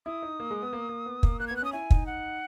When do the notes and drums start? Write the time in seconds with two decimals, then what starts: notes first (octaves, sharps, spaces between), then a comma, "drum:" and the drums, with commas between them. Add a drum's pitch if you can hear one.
0.06 E4 D#6
0.23 D#4
0.40 A#3
0.50 G#3
0.62 B3
0.73 A#3
0.89 A#3
1.06 B3
1.23 A#3, drum: kick
1.40 A#3 F#6
1.48 B3 G#6
1.56 F#6
1.62 C#4 D#6
1.73 E4 G#5
1.91 D#4, drum: kick
2.06 F#5